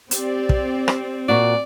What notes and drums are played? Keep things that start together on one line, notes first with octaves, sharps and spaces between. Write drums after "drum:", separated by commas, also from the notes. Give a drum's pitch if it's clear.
C4 G4 D5, drum: hi-hat
drum: kick
drum: rim click
A#2 F#4 D5